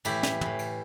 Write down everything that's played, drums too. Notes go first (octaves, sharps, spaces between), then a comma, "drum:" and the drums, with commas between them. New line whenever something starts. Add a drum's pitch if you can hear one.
A2 E3 E4 G4, drum: cymbal
drum: snare
A2 E3, drum: tom
drum: cymbal